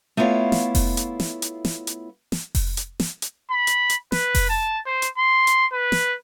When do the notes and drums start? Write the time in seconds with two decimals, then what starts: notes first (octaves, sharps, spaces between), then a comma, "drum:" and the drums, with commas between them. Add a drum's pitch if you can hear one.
0.17 A3 B3 E4 F4 C#5 F5
0.52 drum: snare
0.75 drum: kick F1, open hi-hat
0.97 drum: hi-hat
1.20 drum: snare
1.42 drum: hi-hat
1.65 drum: snare
1.87 drum: hi-hat
2.32 drum: snare
2.55 drum: kick F1, open hi-hat
2.77 drum: hi-hat
3.00 drum: snare
3.22 drum: hi-hat
3.51 B5
3.67 drum: hi-hat
3.90 drum: hi-hat
4.12 B4, drum: snare
4.35 drum: kick F1, open hi-hat
4.49 A5
4.86 C5
5.02 drum: hi-hat
5.18 C6
5.47 drum: hi-hat
5.73 B4
5.92 drum: snare